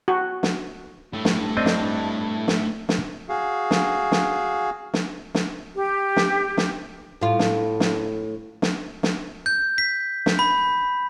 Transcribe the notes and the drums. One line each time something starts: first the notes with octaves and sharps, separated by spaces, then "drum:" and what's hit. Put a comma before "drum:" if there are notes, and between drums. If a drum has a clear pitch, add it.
F#4
drum: snare
G2 A3 E4
drum: snare
C4 D4 D#5
drum: snare
drum: snare
drum: snare
F#4 G#4 F5
drum: snare
drum: snare
drum: snare
drum: snare
G4
drum: snare
drum: snare
A2 F4
drum: snare
drum: snare
drum: snare
drum: snare
G6
B6
drum: snare
B5